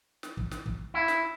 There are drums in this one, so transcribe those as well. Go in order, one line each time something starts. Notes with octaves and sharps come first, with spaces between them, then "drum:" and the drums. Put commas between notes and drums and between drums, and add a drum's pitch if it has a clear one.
drum: snare
drum: kick
drum: snare
drum: kick
E4
drum: snare